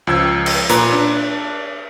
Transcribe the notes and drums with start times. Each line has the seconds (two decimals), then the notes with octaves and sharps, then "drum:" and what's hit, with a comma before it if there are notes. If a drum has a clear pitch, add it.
0.07 C#2 F3 E6 G#6
0.46 drum: cymbal
0.70 A#2 B4 A#5, drum: hi-hat
0.92 D4